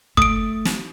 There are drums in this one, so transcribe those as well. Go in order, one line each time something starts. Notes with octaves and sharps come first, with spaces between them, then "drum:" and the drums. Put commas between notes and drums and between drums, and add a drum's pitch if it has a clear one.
A3 D#6 D7, drum: kick
drum: snare